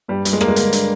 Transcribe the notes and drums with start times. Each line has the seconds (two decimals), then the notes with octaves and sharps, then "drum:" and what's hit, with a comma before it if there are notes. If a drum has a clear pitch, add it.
0.08 G2 G3
0.25 G2, drum: hi-hat
0.33 G#3
0.41 G2 A#3, drum: rim click
0.48 G#3
0.56 D3 A#3, drum: hi-hat
0.73 D3, drum: hi-hat